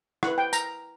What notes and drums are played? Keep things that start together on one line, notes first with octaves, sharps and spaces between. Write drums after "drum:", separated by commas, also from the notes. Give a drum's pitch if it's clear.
E4 B4 F#5, drum: rim click
G5
A#5, drum: tambourine